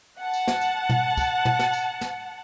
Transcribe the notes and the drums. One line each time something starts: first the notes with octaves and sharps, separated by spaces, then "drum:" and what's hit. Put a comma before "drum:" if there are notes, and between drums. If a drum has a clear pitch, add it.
F#5 A5
drum: tambourine
drum: snare
drum: tambourine
drum: tom
drum: kick, tambourine
drum: tom
drum: snare
drum: tambourine
drum: snare